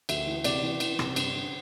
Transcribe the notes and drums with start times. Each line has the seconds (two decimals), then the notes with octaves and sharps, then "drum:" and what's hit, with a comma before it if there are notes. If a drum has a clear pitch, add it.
0.09 D2 E5, drum: cymbal
0.27 E3
0.44 C3 D5, drum: cymbal
0.62 E3
0.80 E3, drum: cymbal
0.99 C3, drum: rim click
1.16 G2, drum: cymbal
1.34 D3